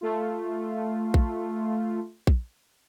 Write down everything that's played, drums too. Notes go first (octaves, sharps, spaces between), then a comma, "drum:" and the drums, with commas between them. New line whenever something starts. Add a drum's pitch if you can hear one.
A3 F4
drum: kick A#1
drum: kick A#1